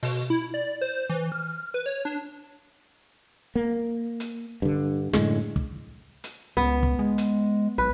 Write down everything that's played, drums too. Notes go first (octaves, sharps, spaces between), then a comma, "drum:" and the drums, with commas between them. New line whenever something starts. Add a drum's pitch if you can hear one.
B2, drum: open hi-hat
E4
D5
C5
E3
F6
B4
C#5
D4
A#3
drum: hi-hat
G2 D3
F#2 A2 D3 G#3, drum: snare
drum: kick
drum: hi-hat
C#2 B3
drum: kick
G#3
drum: hi-hat
B1 B4